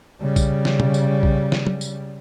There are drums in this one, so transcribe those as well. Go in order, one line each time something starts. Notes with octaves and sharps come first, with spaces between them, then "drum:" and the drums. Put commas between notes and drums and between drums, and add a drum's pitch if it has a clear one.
C#3 G3
drum: kick, tambourine
drum: snare
drum: tom
drum: tambourine
drum: kick
drum: snare
drum: tom
drum: tambourine